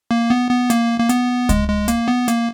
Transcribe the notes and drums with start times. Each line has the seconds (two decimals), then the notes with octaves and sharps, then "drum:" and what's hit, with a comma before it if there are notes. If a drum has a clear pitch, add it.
0.11 A#3
0.30 B3
0.51 B3
0.70 A#3, drum: hi-hat
1.00 A#3
1.09 B3, drum: hi-hat
1.49 G#3, drum: kick C#2, hi-hat
1.68 G#3
1.88 A#3, drum: hi-hat
2.08 B3
2.28 A#3, drum: hi-hat